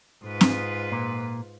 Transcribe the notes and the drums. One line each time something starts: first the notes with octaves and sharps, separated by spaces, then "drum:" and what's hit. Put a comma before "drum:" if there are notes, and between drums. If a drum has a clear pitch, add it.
G#2 F4 B4
drum: snare C4
A#2